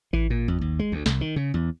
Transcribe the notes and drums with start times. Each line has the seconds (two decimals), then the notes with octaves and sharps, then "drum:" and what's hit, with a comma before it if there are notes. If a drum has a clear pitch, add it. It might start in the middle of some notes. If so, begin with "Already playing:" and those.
0.13 E3, drum: kick A1
0.30 A#2
0.48 F2
0.61 D#2
0.79 G#3
0.92 D2
1.06 C2, drum: snare
1.21 D#3
1.36 C#3
1.54 E2